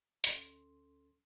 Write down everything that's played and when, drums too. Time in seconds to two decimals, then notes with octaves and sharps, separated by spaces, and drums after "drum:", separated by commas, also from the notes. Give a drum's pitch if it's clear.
0.24 D2 C#4 A4 C6, drum: hi-hat